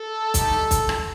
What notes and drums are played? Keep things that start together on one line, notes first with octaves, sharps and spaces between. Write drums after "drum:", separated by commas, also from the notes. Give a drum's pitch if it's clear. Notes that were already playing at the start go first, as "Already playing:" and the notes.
Already playing: A4
A3 D#4 G4, drum: kick, hi-hat
drum: kick, hi-hat
drum: rim click